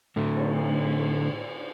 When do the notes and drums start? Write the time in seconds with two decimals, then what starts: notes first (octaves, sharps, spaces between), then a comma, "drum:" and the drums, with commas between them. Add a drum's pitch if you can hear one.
0.16 A2 D3 A3
0.37 drum: cymbal